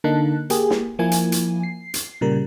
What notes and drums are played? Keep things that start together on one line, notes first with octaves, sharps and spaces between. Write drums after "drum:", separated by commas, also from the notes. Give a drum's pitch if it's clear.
D3 A#3 D#4 A5 F#6
A#3 G4 G#4, drum: hi-hat
drum: snare
F3 A#3 E4 G#5
drum: hi-hat
drum: hi-hat
C7
drum: hi-hat
A#2 C#3 G3 A#4